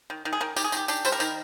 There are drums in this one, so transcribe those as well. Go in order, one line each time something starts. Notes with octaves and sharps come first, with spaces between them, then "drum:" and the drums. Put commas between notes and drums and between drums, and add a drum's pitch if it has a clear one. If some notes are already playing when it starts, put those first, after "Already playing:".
D#3
D#3
G#4
D#3 A#4
D#3 G4, drum: tambourine
G#4
D#3 G4, drum: tambourine
D4 G4, drum: tambourine
G3 C5, drum: tambourine
A#4
D#3, drum: tambourine